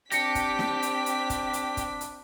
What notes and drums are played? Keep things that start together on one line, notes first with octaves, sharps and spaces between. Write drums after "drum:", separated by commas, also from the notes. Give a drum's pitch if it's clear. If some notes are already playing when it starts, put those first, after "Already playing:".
C4 D4 G4 A#6 B6 C#7, drum: hi-hat
drum: kick, hi-hat
drum: snare
drum: hi-hat
drum: hi-hat
drum: kick, hi-hat
drum: hi-hat
drum: kick, hi-hat
drum: hi-hat